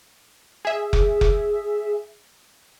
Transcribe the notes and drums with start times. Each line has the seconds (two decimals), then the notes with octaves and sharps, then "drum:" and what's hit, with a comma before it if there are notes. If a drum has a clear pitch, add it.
0.65 G#4 E5
0.93 drum: kick F1
1.21 drum: kick F1